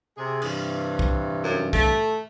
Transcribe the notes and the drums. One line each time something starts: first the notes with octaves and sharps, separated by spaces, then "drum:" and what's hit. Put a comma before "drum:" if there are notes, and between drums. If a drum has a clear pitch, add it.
C3 G#4
G2 C3 E3, drum: cymbal
drum: kick
F#2
A3, drum: kick